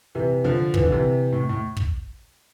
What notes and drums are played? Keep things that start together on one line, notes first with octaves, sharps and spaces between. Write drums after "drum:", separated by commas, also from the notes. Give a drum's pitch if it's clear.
C3 E3
D3 F3
E3, drum: kick
D3
C3 E3
A2
A2
drum: kick